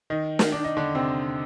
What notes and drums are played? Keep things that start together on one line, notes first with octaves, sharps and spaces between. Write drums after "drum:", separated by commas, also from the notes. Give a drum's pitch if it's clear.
D#3 D#4
drum: snare
D4
D#4
D3 D4
C3 C4